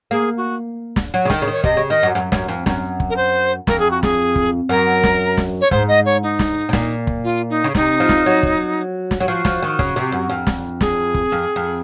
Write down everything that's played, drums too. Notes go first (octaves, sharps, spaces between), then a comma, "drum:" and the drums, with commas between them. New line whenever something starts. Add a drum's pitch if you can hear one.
A#3 G#4
F#4
drum: snare
F#3
C#3
D#3, drum: snare
C#3
D#3 C#5
C3 D#5, drum: kick
C#3
D#3 D#5
F#2
F#2
F#2, drum: snare
F2
F#2, drum: snare
drum: kick
A#4
C5
F2 A#4, drum: snare
G#4
F#4
G#4, drum: snare
drum: kick
F#2 A#4
drum: snare
drum: snare
C#5
G#2 C5, drum: kick
D#5
C#5
D#4
drum: snare
C3
A#2, drum: snare
drum: kick
F4
D#4
C#3
C3 D#4, drum: snare
F3
drum: snare
F#3
drum: kick
drum: snare
F#3
F3 F#4
F3, drum: snare
D#3
C#3, drum: kick
C3
F#2
F2
drum: snare
G#4, drum: snare
drum: kick
F2
F2